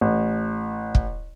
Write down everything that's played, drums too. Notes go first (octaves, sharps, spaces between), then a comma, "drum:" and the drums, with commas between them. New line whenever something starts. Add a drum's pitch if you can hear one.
A1
drum: kick